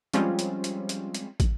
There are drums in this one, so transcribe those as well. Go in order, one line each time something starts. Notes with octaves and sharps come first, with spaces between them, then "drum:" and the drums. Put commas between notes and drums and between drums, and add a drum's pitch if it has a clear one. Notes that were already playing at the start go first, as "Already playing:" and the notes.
F3 G3 G#3 C4 C#4 F4, drum: hi-hat
drum: hi-hat
drum: hi-hat
drum: hi-hat
drum: hi-hat
drum: kick, hi-hat